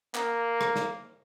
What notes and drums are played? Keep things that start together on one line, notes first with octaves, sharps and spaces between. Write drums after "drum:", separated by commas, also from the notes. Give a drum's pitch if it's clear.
A#3, drum: clap
drum: rim click
drum: snare